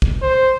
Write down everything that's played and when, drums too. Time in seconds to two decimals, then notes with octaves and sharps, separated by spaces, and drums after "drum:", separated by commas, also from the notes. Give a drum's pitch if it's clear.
0.02 drum: kick
0.22 C5